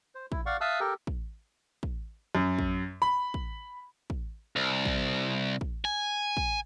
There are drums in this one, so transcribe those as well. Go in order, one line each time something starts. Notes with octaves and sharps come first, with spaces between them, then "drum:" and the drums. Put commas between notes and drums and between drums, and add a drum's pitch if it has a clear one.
C5
E4, drum: kick
D5 F5 F#5 C#6
E5 F5 A5 D#6 E6 F#6
G4 A4 A#4 G5
drum: kick
drum: kick
F#2
drum: kick
B5
drum: kick
drum: kick
C2
drum: kick
drum: kick
G#5
drum: kick